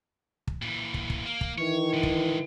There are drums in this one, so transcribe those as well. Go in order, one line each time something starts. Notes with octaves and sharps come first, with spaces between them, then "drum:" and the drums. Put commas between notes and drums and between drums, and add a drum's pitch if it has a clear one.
drum: kick
A#2 E3
drum: kick
drum: kick
A#3
drum: kick
D#3 E3 C#5
D3 G#3
drum: kick